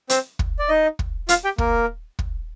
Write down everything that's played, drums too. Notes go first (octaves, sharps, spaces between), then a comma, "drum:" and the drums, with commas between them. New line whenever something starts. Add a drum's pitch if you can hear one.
C4 C5, drum: hi-hat
drum: kick
D5
D#4 D#5
drum: kick
F4 F5, drum: hi-hat
G4 G5
A#3 A#4, drum: kick
drum: kick